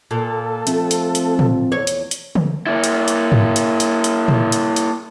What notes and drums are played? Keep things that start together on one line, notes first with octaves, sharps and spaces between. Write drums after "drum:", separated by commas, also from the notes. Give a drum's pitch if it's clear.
A#2 A4
F3 A3 C4, drum: hi-hat
drum: hi-hat
drum: hi-hat
drum: tom
E2 C#5
drum: hi-hat
drum: hi-hat
drum: tom
A#3 E4
drum: hi-hat
drum: hi-hat
drum: tom
drum: hi-hat
drum: hi-hat
drum: hi-hat
drum: tom
drum: hi-hat
drum: hi-hat